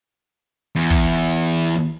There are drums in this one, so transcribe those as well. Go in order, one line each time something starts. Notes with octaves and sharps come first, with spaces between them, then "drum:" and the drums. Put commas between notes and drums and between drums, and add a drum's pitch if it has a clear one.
E2
drum: kick
drum: open hi-hat